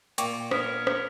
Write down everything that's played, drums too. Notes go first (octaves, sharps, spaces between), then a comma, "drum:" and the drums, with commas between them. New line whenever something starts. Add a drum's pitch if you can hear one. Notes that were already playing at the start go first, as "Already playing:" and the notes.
A#2 G5 C#6 D6, drum: hi-hat
B3 A#4 C#5 D#6 B6, drum: rim click
drum: rim click